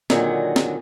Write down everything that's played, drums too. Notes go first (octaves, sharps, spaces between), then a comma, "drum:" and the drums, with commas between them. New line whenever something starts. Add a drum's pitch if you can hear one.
A#2 D3 D#3 F#3 G#4, drum: snare
drum: snare